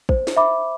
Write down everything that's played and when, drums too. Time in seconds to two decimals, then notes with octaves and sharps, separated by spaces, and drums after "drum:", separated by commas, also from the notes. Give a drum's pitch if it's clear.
0.09 C5, drum: kick A1
0.27 drum: snare
0.37 E5 B5 D6